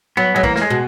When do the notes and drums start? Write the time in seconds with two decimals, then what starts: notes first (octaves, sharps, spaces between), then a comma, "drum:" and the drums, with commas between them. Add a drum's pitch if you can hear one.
0.17 F#3 B3
0.34 F#3 G#3
0.43 E3 A#3, drum: kick
0.56 A#3, drum: snare
0.62 G#3
0.70 B2